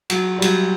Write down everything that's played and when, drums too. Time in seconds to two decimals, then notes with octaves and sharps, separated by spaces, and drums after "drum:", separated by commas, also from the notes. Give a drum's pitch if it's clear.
0.10 F#3, drum: cymbal
0.39 G3
0.42 F#3, drum: cymbal